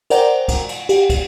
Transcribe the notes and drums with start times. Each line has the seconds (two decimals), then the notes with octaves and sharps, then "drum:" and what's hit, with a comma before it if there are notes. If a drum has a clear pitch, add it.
0.10 A#4 C5 D5 F#5 G5 A#5, drum: cymbal
0.48 drum: kick, cymbal
0.69 drum: cymbal
0.89 G4, drum: cymbal
1.10 drum: kick, cymbal